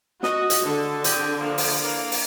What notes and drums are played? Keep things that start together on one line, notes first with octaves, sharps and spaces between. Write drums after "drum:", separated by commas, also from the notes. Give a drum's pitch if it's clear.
F#4 D#5, drum: snare
drum: hi-hat
D3 A4
C4 G4 G#4, drum: hi-hat
F3 A#3
drum: open hi-hat
E3 A#3
drum: open hi-hat